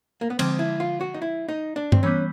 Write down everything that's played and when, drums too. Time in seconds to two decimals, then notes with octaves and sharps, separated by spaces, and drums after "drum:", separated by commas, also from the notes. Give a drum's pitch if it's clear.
0.21 A#3
0.30 B3
0.39 D3 F3 G#3 C4, drum: cymbal
0.59 E4
0.80 F4
1.01 F#4
1.14 D#4
1.22 E4
1.49 D#4
1.76 D4
1.92 C4, drum: tom G2
2.03 E3 G3 B3 C#4